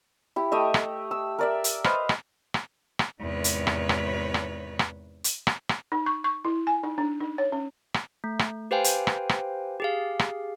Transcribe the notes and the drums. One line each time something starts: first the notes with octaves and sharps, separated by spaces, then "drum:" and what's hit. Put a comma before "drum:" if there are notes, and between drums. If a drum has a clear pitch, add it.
E4 G4
A3 G4 D#5 E5
drum: rim click
E6
A#4 D5 E5
drum: hi-hat
B4 C5 D#5 F5, drum: rim click
drum: rim click
drum: rim click
drum: rim click
E2 G#2 C3 D#3 B4 C#5
drum: hi-hat
drum: rim click
drum: rim click
drum: rim click
drum: rim click
drum: hi-hat
drum: rim click
drum: rim click
D#4
C#6
C#6
E4
G#5
D#4
D4
D#4
C#5
C#4
drum: rim click
A3
drum: rim click
G4 B4 C5 F5 G5 G#5
drum: hi-hat
drum: rim click
drum: rim click
G4 G#4 F5
drum: rim click